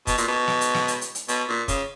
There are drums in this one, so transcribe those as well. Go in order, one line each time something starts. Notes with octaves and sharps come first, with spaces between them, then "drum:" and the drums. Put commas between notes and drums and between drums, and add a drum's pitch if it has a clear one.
B2, drum: kick, hi-hat
A#2, drum: hi-hat
B2
drum: snare
drum: hi-hat
drum: snare
drum: hi-hat
drum: hi-hat
drum: hi-hat
B2, drum: hi-hat
A#2
C#3, drum: kick, hi-hat